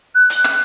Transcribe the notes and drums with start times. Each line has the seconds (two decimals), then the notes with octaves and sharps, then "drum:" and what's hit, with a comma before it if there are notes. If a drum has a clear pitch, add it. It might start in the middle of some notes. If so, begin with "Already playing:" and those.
0.15 F#6
0.30 drum: hi-hat
0.44 drum: rim click